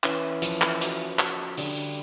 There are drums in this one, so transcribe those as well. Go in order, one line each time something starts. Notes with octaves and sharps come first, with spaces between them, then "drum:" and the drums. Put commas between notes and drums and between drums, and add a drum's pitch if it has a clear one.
E3 C#4, drum: clap
F3, drum: hi-hat
drum: clap
F#4, drum: hi-hat
F#4, drum: clap
D3 G3, drum: open hi-hat